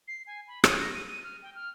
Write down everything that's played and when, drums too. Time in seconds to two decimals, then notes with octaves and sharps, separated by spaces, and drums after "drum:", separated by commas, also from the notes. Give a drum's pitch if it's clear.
0.08 C7
0.27 G#5
0.48 B5
0.64 D#7, drum: rim click
0.81 A#6
0.95 D#7
1.07 D#7
1.24 F6
1.42 G5
1.55 F6